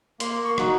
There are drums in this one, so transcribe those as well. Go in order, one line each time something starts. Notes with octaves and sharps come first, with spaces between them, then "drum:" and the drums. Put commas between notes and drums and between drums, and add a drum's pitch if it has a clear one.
A#3 C6, drum: hi-hat
C#6
D#4 F#4, drum: rim click